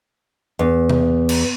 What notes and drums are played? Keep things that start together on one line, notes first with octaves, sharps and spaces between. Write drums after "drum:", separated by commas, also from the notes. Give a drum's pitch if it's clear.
E2
drum: tom C3
drum: cymbal